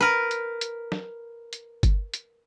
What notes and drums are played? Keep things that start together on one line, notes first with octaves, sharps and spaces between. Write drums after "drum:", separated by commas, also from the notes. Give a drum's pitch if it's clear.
A#4 B4
drum: hi-hat
drum: hi-hat
drum: snare
drum: hi-hat
drum: kick G1, hi-hat
drum: hi-hat